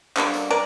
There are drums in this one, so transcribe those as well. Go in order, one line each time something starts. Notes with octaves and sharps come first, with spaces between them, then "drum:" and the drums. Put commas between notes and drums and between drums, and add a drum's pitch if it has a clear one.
D3 G3 A#3, drum: clap
drum: tambourine
A#4 D5